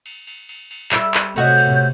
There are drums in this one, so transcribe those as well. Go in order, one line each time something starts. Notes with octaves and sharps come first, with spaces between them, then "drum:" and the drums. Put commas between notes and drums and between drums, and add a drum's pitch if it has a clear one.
drum: cymbal
drum: cymbal
drum: cymbal
drum: cymbal
G3 E5, drum: clap
drum: clap
C3 A3 F#4 C#5 D#5 G6, drum: cymbal
drum: cymbal